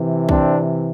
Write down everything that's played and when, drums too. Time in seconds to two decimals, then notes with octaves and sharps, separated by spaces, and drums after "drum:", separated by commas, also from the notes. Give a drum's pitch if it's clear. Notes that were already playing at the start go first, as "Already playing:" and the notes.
Already playing: C3 E3
0.29 C4 D4, drum: kick B1